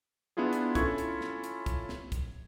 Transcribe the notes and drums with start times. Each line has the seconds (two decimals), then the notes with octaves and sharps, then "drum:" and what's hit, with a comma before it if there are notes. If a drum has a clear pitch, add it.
0.37 B3 D4 E4 F4 G#4
0.53 drum: hi-hat
0.75 C#4 E4 F4 A4 C#6 G#6, drum: kick, hi-hat
0.98 drum: hi-hat
1.21 drum: snare
1.44 drum: hi-hat
1.66 drum: kick, hi-hat
1.89 drum: snare
2.12 drum: kick, hi-hat